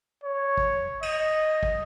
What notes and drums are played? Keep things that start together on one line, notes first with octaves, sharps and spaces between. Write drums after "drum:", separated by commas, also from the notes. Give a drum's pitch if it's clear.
C#5
drum: kick
D#5, drum: cymbal
drum: kick